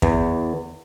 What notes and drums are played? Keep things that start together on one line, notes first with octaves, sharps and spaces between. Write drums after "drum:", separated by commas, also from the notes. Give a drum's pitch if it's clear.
E2, drum: kick